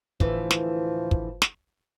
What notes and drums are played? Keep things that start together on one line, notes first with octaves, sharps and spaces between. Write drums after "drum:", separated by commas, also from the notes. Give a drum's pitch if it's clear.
D2 A2 E3 F3, drum: kick
drum: snare
drum: kick
drum: snare